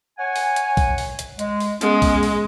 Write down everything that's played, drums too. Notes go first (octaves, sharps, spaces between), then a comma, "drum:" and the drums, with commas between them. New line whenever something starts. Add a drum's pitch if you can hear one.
C#5 F#5 G#5
drum: open hi-hat
drum: hi-hat
drum: kick A#1, open hi-hat
drum: open hi-hat
drum: hi-hat
G#3, drum: hi-hat
drum: open hi-hat
G#3 B3 C#4, drum: hi-hat
drum: kick A#1, open hi-hat
drum: open hi-hat